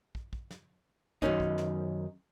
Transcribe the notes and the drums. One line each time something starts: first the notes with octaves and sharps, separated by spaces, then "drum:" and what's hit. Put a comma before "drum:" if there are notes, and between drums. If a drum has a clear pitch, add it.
drum: kick
drum: kick
drum: snare
F#2 B2 D#3 C#4 D#4, drum: kick
drum: kick
drum: snare